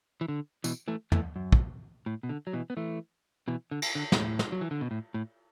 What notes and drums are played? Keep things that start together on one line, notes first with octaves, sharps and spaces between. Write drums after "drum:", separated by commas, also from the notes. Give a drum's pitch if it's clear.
E3
D3
B2 E3, drum: tambourine
E3 A3
E3 A3, drum: tom
F#2
drum: kick
A2
B2
D3
F#3
B2 E3
B3
E3 A3
B2 E3
D3
drum: cymbal
D3
B2, drum: snare
A2
drum: snare
F#3
E3
D3
B2
A2
A2